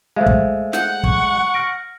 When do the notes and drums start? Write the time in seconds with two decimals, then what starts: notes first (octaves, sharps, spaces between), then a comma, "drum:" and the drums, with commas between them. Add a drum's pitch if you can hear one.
0.16 G#3 A3 C5 E5 F5
0.26 drum: kick
0.73 F#5 G6, drum: snare
1.04 C#6, drum: kick
1.54 F6 A#6 D7